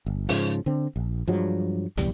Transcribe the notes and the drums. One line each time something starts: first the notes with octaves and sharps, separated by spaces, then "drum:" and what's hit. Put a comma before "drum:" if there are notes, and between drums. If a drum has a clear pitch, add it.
G1
G#2 C#3 F3, drum: open hi-hat
D3 C4
A#1
G2 F3 F#3 G#3
D1 B1 E2 G3, drum: hi-hat